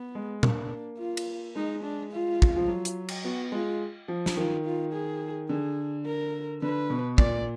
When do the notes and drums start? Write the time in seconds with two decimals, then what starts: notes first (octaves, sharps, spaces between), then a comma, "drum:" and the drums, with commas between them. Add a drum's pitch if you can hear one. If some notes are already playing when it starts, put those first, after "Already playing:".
Already playing: B3
0.15 G#3
0.43 A#3 D4, drum: tom A#2
0.99 F4
1.17 drum: cymbal
1.55 G#3 D#4
1.83 D4
2.11 F4
2.42 drum: kick
2.56 F3
2.68 F#3
2.85 drum: hi-hat
3.09 drum: cymbal
3.24 B3 F#4
3.52 G#3 F4
4.08 F3
4.26 drum: snare
4.37 D#3 F4
4.65 F4
4.93 G#4
5.49 D3 G#4
6.06 A#4
6.62 D3 B4
6.90 B2
7.18 A#2 D5, drum: kick